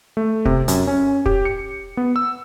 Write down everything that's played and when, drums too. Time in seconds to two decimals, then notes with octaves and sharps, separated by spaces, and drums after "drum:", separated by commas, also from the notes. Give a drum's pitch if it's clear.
0.17 A3
0.45 C3, drum: kick
0.68 F#2, drum: hi-hat
0.87 C#4
1.26 G4, drum: kick
1.45 C#7
1.97 B3
2.16 E6